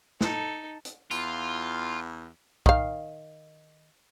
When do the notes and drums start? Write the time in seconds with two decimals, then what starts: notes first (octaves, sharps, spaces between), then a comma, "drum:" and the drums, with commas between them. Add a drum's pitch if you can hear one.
0.21 D#4 A4, drum: snare
0.85 drum: hi-hat
1.11 E2 F4, drum: tambourine
2.66 D#3 F5, drum: kick B1